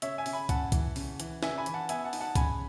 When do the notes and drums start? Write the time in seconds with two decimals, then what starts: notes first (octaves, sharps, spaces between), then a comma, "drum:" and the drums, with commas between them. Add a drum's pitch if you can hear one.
0.02 C#3 C#5 E5, drum: hi-hat
0.18 E5 G#5
0.26 C#3, drum: open hi-hat
0.33 G#5 B5
0.49 C#3 F#5 A5, drum: kick, hi-hat
0.72 E3, drum: kick, hi-hat
0.96 C#3, drum: open hi-hat
1.20 E3, drum: hi-hat
1.43 C#3 E5 G#5, drum: snare
1.58 G#5 B5
1.66 E3, drum: hi-hat
1.74 F#5 A5
1.89 B3 E5 G#5, drum: hi-hat
2.04 F#5 A5
2.13 D#4, drum: open hi-hat
2.20 F#5 A5
2.35 C#3 G#5 B5, drum: kick, hi-hat